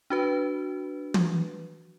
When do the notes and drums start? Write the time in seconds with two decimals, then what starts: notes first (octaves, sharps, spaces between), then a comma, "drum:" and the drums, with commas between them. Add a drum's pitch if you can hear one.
0.10 D4 F#4 B4
1.14 drum: tom